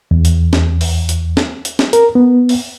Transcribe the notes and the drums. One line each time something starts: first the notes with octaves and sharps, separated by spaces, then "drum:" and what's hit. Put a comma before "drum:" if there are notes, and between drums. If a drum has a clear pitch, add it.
E2
drum: hi-hat
drum: snare C4
drum: open hi-hat
drum: hi-hat
drum: snare C4
drum: hi-hat
drum: snare C4
A#4, drum: hi-hat
B3
drum: open hi-hat